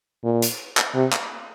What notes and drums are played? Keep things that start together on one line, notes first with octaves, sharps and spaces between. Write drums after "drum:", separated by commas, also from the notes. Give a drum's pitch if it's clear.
A#2
drum: hi-hat
drum: clap
C3
drum: clap